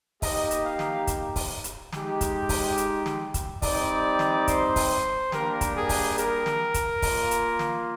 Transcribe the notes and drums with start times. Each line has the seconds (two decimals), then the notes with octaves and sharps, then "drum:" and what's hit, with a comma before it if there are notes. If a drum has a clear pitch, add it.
0.22 A#3 D#4 G4 D#5, drum: kick, open hi-hat
0.51 drum: hi-hat
0.65 F5
0.79 drum: snare
1.07 drum: kick, hi-hat
1.36 drum: kick, open hi-hat
1.64 drum: hi-hat
1.93 G#3 D#4 G4, drum: snare
2.21 drum: kick, hi-hat
2.49 drum: kick, open hi-hat
2.77 drum: hi-hat
3.06 drum: snare
3.34 drum: kick, hi-hat
3.62 G3 C4 D#4 G4 D5, drum: kick, open hi-hat
4.19 drum: snare
4.48 C5, drum: kick, hi-hat
4.76 drum: kick, open hi-hat
5.32 G3 A#3 D4 G4 A#4, drum: snare
5.61 drum: kick, hi-hat
5.75 G#4
5.89 drum: kick, open hi-hat
6.18 A#4, drum: hi-hat
6.46 drum: snare
6.74 drum: kick, hi-hat
7.02 A#3 F4, drum: kick, open hi-hat
7.31 drum: hi-hat
7.59 drum: snare